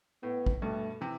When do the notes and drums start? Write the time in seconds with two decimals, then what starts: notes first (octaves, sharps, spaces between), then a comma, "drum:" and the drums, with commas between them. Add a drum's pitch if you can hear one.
0.23 A2 B3
0.46 drum: kick
0.62 G2 B2 A3
1.01 C3 E3